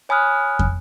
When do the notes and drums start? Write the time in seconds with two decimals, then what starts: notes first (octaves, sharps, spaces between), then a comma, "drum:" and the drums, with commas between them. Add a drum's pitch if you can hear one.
0.09 C#5 G#5 B5 D#6 F6 F#6
0.59 drum: kick